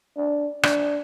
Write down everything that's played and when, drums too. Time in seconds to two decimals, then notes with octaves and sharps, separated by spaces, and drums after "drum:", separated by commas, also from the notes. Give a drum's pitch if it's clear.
0.17 D4
0.63 D4, drum: rim click